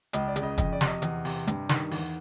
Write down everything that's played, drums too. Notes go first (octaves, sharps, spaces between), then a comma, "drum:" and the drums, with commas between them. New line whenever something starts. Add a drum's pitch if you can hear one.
C#2 D#5, drum: hi-hat
D5
C#3, drum: hi-hat
D#5
F2 D#5, drum: kick, hi-hat
D5
C3, drum: snare
D#5
E2, drum: hi-hat
C3, drum: open hi-hat
G2, drum: hi-hat
D#3, drum: snare
E2, drum: open hi-hat